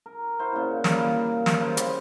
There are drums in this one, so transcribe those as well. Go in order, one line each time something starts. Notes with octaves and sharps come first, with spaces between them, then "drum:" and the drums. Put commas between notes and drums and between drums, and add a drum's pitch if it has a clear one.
A#4
E4 F#4 C5
A#2 C#3
G3 A#3, drum: snare
drum: snare
C#3 F4 C5 B5
drum: hi-hat